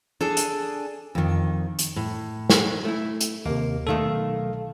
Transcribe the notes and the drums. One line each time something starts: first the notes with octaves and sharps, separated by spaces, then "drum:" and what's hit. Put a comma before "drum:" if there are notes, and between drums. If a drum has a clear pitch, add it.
D4 G#4 A4
drum: hi-hat
F2 D#3
drum: hi-hat
A2
drum: snare
A3 E4
drum: hi-hat
D#2 C3 A#3
B1 D#3 A3 A4 F5